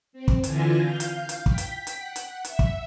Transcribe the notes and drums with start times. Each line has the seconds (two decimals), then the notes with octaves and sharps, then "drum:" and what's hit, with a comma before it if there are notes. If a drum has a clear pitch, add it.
0.13 C4
0.28 drum: kick
0.44 D3 E3 E4 F4 G#5 A#6, drum: hi-hat
0.79 F5 G6
1.00 drum: hi-hat
1.29 drum: hi-hat
1.46 G5 B6, drum: kick
1.58 drum: hi-hat
1.87 drum: hi-hat
1.98 F#5
2.16 drum: hi-hat
2.45 E5, drum: hi-hat
2.59 drum: kick